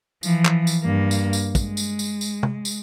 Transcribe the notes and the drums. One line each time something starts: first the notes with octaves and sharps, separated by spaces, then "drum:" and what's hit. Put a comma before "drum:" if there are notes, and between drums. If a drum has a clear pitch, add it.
E3 F3, drum: tambourine
drum: clap
drum: tambourine
G2 A#3
drum: tambourine
drum: tambourine
G#3, drum: kick, tambourine
drum: tambourine
drum: tambourine
drum: tambourine
drum: tom
drum: tambourine